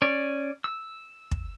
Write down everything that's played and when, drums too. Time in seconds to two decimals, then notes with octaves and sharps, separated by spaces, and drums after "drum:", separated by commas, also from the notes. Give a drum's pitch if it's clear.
0.02 C#4 D5
0.64 E6
1.31 drum: kick